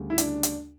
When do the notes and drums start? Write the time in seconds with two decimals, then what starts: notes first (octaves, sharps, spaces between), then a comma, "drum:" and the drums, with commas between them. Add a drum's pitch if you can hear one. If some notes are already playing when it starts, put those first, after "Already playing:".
Already playing: D2 C#3 G3
0.10 E4
0.18 D4, drum: hi-hat
0.43 drum: hi-hat